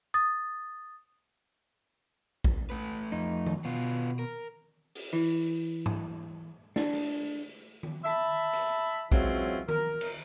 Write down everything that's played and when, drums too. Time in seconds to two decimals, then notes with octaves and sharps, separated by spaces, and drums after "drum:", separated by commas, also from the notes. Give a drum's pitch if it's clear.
0.14 D#6 A6
2.44 drum: kick A#1
2.70 A3 B4
3.12 F2 D#4
3.46 drum: tom D#3
3.65 B2 B3 F4
4.19 A#4
4.95 drum: open hi-hat
5.13 E3
5.86 drum: tom G#2
6.76 D4, drum: snare
6.92 drum: open hi-hat
7.83 drum: tom D#3
8.05 E5 A5 B5
8.53 drum: hi-hat
9.12 E3 F#3 G#3 C4 C#4 F4, drum: kick A#1
9.68 A#4, drum: tom D#3
10.01 drum: cymbal